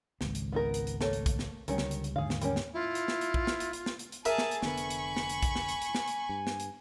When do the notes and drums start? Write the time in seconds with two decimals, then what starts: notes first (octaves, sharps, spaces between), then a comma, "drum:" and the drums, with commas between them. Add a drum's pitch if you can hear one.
0.21 G#1 C#2, drum: snare
0.35 drum: hi-hat
0.52 B3 D#4 A#4
0.74 drum: hi-hat
0.87 drum: hi-hat
1.01 A3 A#3 C#5, drum: snare
1.13 drum: hi-hat
1.26 drum: kick, hi-hat
1.39 drum: snare
1.68 C#2 D3 D#3 G3 C#4 C#5, drum: hi-hat
1.78 drum: snare
1.91 drum: hi-hat
2.04 drum: hi-hat
2.16 D#2 G#2 D3 G#4 F5
2.30 drum: snare
2.42 G3 A#3 C#4, drum: hi-hat
2.56 drum: snare
2.74 E4 F4
2.95 drum: hi-hat
3.08 drum: snare
3.21 drum: hi-hat
3.34 drum: kick
3.47 drum: snare
3.60 drum: hi-hat
3.73 drum: hi-hat
3.86 drum: snare
3.99 drum: hi-hat
4.12 drum: hi-hat
4.25 G#4 A#4 E5 G#5 A5, drum: hi-hat
4.38 drum: snare
4.51 drum: hi-hat
4.62 F1 D3 B3 B5 C#6, drum: snare
4.77 drum: hi-hat
4.90 drum: hi-hat
5.17 drum: snare
5.30 drum: hi-hat
5.43 drum: kick, hi-hat
5.56 drum: snare
5.69 drum: hi-hat
5.82 drum: hi-hat
5.95 drum: snare
6.08 drum: hi-hat
6.29 G2
6.47 drum: snare
6.60 drum: hi-hat